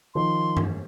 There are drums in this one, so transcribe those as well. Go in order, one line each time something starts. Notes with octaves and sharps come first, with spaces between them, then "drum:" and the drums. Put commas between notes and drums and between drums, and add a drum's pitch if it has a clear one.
D#3 F3 C6
drum: tom G2